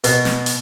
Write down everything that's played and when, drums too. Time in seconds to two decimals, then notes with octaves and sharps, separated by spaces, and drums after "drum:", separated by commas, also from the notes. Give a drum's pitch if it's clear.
0.04 B2, drum: hi-hat
0.25 drum: snare
0.46 drum: hi-hat